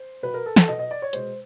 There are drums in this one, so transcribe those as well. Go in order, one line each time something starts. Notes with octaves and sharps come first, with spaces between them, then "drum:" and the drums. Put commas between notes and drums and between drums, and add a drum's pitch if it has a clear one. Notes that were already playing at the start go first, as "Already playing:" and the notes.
Already playing: C5
B2 F#3 B4
A#4
A4
A4, drum: snare
B2 F#3 D#5
D#5
D5
C#5
B2 G#3 C5, drum: hi-hat